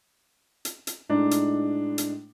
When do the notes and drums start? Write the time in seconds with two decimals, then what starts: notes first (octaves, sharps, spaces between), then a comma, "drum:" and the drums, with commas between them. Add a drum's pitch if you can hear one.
0.65 drum: hi-hat
0.87 drum: hi-hat
1.09 A2 G#3 D4 D#4
1.31 drum: hi-hat
1.98 drum: hi-hat